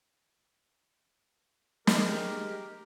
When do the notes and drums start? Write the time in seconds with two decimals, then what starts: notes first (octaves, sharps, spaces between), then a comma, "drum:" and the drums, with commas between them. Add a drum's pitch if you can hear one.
1.87 G#3 G4 A#4, drum: snare